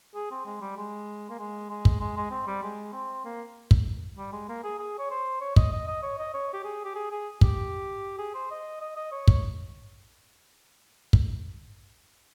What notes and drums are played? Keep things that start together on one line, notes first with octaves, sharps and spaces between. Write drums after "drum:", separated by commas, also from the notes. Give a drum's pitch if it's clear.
G#4
C4
G#3
G3
G#3
A#3
G#3
G#3
drum: kick
G#3
G#3
C4
G3
G#3
C4
A#3
drum: kick
G3
G#3
A#3
G#4
G#4
C#5
C5
C#5
D#5, drum: kick
D#5
D#5
C#5
D#5
C#5
G4
G#4
G4
G#4
G#4
G4, drum: kick
G#4
C5
D#5
D#5
D#5
C#5
drum: kick
drum: kick